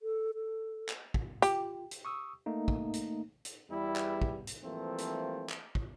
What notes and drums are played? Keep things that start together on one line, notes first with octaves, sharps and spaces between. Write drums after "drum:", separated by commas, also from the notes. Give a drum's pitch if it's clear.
A4
A4
drum: clap
drum: kick
F4 G4, drum: hi-hat
drum: hi-hat
C#6 D#6 E6
A3 A#3 D#4
drum: kick
drum: hi-hat
drum: hi-hat
E2 G3 E4
drum: clap
drum: kick
drum: hi-hat
E3 F3 G3 A3 A#3 C4
drum: hi-hat
drum: clap
drum: kick